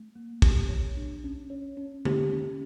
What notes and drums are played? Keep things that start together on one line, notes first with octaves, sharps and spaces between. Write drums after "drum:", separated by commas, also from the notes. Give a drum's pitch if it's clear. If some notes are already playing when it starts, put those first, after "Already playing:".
Already playing: A3
A#3
G4, drum: kick
C#5
D4
C#4
C#5
C#4
G4, drum: tom D3
C#4